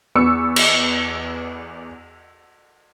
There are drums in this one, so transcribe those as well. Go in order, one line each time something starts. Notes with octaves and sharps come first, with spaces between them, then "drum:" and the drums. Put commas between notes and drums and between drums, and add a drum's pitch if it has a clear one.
E2 B3 C#6 E6 C#7
drum: cymbal